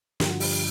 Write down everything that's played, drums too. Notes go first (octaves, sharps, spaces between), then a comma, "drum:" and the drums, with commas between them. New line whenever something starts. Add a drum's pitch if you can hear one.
G2 D3 F3 G4, drum: snare
F#4
G4, drum: open hi-hat